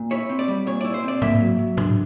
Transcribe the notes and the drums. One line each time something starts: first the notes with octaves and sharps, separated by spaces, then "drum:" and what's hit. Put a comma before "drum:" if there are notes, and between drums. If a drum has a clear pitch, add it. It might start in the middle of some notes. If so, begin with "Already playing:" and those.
Already playing: A#2
E4 C#5
C4
D5
G3
A#2 C#5
E4 D5
C5
C4 D5
A#3 E5, drum: tom G#2
F#3
F#3
D4, drum: tom G#2